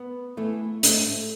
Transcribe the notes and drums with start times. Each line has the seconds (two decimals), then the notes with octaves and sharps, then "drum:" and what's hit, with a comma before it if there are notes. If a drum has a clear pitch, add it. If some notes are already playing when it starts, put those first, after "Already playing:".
Already playing: B3
0.37 E3 A3
0.83 G#2 A3, drum: hi-hat
1.07 A3